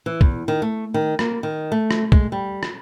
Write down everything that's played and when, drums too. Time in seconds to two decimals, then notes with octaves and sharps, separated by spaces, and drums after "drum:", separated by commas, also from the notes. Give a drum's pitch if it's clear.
0.06 E3
0.21 E2, drum: kick
0.48 D#3
0.62 A3
0.94 D#3
1.19 A#3, drum: rim click
1.43 D#3
1.72 A3
1.91 drum: rim click
2.12 G#3, drum: kick
2.32 G3
2.63 drum: rim click